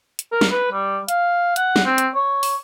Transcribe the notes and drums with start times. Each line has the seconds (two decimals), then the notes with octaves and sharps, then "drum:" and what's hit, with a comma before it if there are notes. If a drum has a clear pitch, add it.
0.19 drum: hi-hat
0.32 A#4
0.41 drum: snare
0.51 B4
0.72 G3
1.09 F5, drum: hi-hat
1.56 F#5, drum: hi-hat
1.76 drum: snare
1.85 C4
1.98 drum: hi-hat
2.15 C#5
2.43 drum: open hi-hat